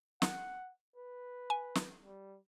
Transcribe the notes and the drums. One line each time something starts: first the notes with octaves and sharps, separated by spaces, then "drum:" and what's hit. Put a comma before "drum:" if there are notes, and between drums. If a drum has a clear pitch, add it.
F#5, drum: snare
B4
G#5
drum: snare
G3